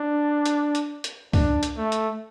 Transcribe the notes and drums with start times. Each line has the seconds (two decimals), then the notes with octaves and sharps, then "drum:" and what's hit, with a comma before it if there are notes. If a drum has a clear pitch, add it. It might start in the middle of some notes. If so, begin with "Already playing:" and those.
Already playing: D4
0.46 drum: hi-hat
0.75 drum: hi-hat
1.04 drum: hi-hat
1.33 D4, drum: kick, open hi-hat
1.63 drum: hi-hat
1.77 A3
1.92 drum: hi-hat